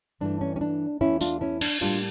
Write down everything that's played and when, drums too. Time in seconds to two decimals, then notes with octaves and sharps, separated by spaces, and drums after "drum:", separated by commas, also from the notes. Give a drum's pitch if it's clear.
0.20 G2 E3 A3 D4
0.41 C#4
0.56 C#4
0.61 D4
1.01 E2 E3 A3 C#4 E4
1.21 D4 F4, drum: tambourine
1.41 C#4 E4
1.61 D4, drum: cymbal
1.81 A2 G3 A#3 D4 F4